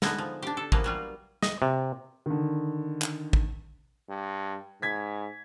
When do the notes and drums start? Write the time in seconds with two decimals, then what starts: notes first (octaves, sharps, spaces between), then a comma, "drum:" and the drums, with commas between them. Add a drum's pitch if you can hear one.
0.02 D3 G#3 B3 D#4 E4, drum: snare
0.18 F3
0.42 D4 G4
0.57 A4
0.72 E3 F3 A#3 B3, drum: kick
0.84 F#3 G3 F4
1.43 D#5, drum: snare
1.62 C3
2.26 D3 D#3
3.02 drum: clap
3.33 drum: kick
4.10 G2
4.82 G#2 G#6 B6